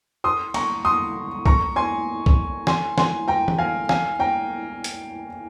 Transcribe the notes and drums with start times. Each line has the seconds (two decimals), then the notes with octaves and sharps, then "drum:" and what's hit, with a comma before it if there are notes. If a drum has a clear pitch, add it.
0.24 C6 D#6
0.54 A#5 C#6, drum: cymbal
0.85 C6 D#6
1.46 A#5 C#6, drum: kick
1.76 G#5 C6
2.26 drum: kick
2.67 G#5 C6, drum: snare
2.98 G#5 C6, drum: snare
3.28 G5 A#5
3.48 drum: tom
3.59 F5 G#5
3.89 F5 G#5, drum: snare
4.20 G5 A#5
4.84 drum: hi-hat